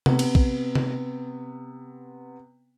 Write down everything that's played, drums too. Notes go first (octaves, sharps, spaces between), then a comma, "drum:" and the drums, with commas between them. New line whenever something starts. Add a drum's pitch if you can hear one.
C3 B3, drum: tom C3
drum: cymbal
drum: kick
drum: tom C3